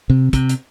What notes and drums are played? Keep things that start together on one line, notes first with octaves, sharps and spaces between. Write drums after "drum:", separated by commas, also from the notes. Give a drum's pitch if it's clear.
C3
C3, drum: kick, hi-hat
drum: hi-hat